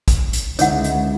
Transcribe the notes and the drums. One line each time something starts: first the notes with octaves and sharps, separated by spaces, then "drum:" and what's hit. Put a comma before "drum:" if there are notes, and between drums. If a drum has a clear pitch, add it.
drum: kick, hi-hat
drum: hi-hat
C#2 D3 D#4 E4 C#5 F#5, drum: hi-hat
drum: hi-hat